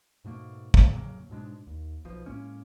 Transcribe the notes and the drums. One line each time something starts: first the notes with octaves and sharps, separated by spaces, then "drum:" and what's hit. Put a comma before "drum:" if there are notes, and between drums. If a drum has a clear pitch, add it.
G#2 B2 A3 A#3
drum: kick
F2 C#3 F#3 A#3
G#2 B2 G#3 D4
D#2
B1 B2 F3
A2 G#3 A#3 C#4